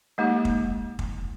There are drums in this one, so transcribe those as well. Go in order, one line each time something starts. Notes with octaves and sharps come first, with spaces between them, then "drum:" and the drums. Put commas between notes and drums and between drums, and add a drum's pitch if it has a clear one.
G#3 A#3 D#4 G4
drum: kick
drum: kick